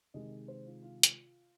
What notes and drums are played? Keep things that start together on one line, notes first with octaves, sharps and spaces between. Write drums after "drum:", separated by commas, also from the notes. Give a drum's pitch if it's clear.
C3 D#3 G#3 D#5
C5
F4
F4
drum: hi-hat